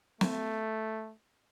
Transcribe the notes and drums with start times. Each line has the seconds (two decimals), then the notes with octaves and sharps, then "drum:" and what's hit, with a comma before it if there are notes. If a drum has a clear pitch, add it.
0.21 A3, drum: snare